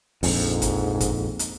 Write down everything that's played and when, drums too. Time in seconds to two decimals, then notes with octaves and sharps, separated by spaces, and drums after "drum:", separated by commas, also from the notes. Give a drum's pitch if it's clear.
0.23 A#1 F2 G#2, drum: open hi-hat
0.62 drum: kick, hi-hat
1.00 drum: kick, hi-hat
1.39 drum: hi-hat